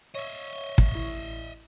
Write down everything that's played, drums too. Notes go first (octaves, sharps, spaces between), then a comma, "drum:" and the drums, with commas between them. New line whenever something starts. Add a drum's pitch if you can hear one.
C#5 D#5 E5
drum: kick
A1 E4